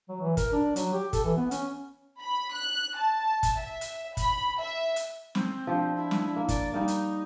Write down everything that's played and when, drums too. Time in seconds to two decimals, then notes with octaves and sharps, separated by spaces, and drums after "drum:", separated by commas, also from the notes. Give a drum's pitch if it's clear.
0.09 F#3
0.21 E3
0.37 A#4, drum: kick, hi-hat
0.53 D4
0.76 F#3, drum: hi-hat
0.93 G4
1.13 A4, drum: kick, hi-hat
1.25 E3
1.37 B3
1.51 C#4, drum: hi-hat
2.21 B5
2.55 F#6
2.97 A5
3.43 drum: kick, hi-hat
3.59 E5
3.81 drum: hi-hat
4.17 B5, drum: kick, hi-hat
4.61 E5
4.96 drum: hi-hat
5.35 C4, drum: snare
5.67 F3 D4 G4
5.96 E4
6.11 drum: snare
6.36 A#3
6.48 D5, drum: kick, hi-hat
6.74 G3 A#3 D#4
6.88 drum: hi-hat